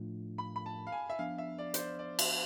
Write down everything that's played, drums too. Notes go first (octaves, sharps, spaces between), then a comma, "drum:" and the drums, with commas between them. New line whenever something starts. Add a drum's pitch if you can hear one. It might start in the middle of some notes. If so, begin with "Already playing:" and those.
Already playing: A2 F3 A3 D4 F4
B5
B5
A5
F5
G#5
E5
F3 B3 D4 F5
E5
D5
C5, drum: hi-hat
D5
D5
E5, drum: cymbal